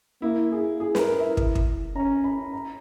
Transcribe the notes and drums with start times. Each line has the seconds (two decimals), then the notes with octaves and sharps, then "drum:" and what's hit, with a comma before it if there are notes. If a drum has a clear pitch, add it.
0.22 A#3 E4
0.52 G#4
0.80 E4 G#4
0.95 B4, drum: snare
0.99 A#4
1.19 E5
1.37 drum: kick
1.55 drum: kick
1.96 C#4 A#5
2.24 B5
2.53 A#5